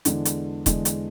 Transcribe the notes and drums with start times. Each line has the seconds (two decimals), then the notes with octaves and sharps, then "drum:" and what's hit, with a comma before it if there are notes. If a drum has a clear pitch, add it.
0.05 E2 D3 G#3 D4, drum: hi-hat
0.25 drum: hi-hat
0.66 E2 D3 G#3 D4, drum: kick D#1, hi-hat
0.85 drum: hi-hat